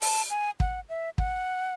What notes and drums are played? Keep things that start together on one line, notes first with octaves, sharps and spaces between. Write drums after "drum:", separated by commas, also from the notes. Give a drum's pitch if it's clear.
A5, drum: open hi-hat
G#5
F#5, drum: kick
E5
F#5, drum: kick